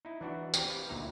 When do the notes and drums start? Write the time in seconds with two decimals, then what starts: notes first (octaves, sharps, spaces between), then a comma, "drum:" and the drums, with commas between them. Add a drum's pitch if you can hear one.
0.05 D#4 E4
0.21 E3 D4 F#4
0.54 C4 G4, drum: tambourine
0.68 G4 B4 F5
0.89 D2 A#2 D#4 E5 A#5